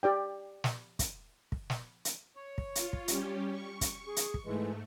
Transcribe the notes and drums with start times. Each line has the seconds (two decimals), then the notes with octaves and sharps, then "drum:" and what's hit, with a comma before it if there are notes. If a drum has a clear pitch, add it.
0.03 G4 D5 G5
0.64 drum: snare
0.99 drum: kick, hi-hat
1.52 drum: kick
1.70 drum: snare
2.05 drum: hi-hat
2.36 C#5
2.58 drum: kick
2.75 F4, drum: hi-hat
2.93 drum: kick
3.08 G3 C#4 G4, drum: hi-hat
3.51 C#6
3.81 drum: kick, hi-hat
4.07 G#4
4.16 drum: hi-hat
4.34 drum: kick
4.45 G#2 E3 G#3 A3